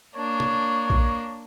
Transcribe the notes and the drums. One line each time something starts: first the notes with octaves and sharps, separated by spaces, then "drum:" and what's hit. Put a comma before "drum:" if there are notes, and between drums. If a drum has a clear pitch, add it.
A#3 D4 C#5
drum: tom
drum: kick